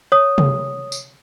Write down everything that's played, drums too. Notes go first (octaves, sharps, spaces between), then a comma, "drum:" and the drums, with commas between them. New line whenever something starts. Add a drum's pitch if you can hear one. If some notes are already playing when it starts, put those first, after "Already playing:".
C#5 D#6
drum: tom C3
drum: tambourine